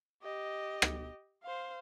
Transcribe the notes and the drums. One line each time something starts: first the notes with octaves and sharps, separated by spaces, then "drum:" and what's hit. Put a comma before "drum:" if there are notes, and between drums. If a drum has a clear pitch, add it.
G4 D#5
drum: rim click
C5 F5